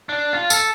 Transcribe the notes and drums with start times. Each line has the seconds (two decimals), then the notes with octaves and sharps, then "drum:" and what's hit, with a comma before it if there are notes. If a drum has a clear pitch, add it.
0.09 D4
0.33 F4
0.50 A4, drum: tambourine